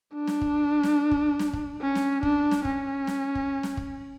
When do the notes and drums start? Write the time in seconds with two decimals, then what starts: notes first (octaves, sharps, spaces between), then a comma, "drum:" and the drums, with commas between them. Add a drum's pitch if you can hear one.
0.14 D4
0.27 drum: snare
0.41 drum: kick
0.83 drum: snare
1.11 drum: kick
1.39 drum: snare
1.53 drum: kick
1.81 C#4
1.95 drum: snare
2.23 D4, drum: kick
2.51 drum: snare
2.65 C#4, drum: kick
3.07 drum: snare
3.35 drum: kick
3.63 drum: snare
3.77 drum: kick